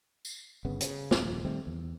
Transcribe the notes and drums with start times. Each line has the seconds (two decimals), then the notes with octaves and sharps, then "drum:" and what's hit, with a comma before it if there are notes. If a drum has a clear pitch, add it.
0.25 drum: tambourine
0.65 G1 C#3 B3
0.81 C#3, drum: hi-hat
1.11 D#1 A#1 F2, drum: snare
1.45 D#3 G3 A3 C4
1.67 E2